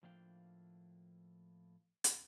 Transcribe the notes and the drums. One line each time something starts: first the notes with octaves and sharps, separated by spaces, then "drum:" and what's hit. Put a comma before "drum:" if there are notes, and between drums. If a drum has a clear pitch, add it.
A2 F3 A#3 D4 F5 G5
drum: hi-hat